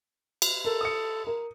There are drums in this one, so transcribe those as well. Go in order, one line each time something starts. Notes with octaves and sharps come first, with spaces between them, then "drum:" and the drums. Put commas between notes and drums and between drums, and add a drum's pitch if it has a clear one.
drum: cymbal
A4 A#4
D#6 C#7
A#4